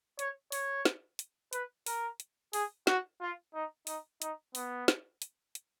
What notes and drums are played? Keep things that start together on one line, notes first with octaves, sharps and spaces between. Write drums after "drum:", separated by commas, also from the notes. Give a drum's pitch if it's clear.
C#5, drum: hi-hat
C#5, drum: open hi-hat
drum: snare
drum: hi-hat
B4, drum: hi-hat
A#4, drum: open hi-hat
drum: hi-hat
G#4, drum: open hi-hat
F#4, drum: snare
F4
D#4
D#4, drum: open hi-hat
D#4, drum: hi-hat
B3, drum: open hi-hat
drum: snare
drum: hi-hat
drum: hi-hat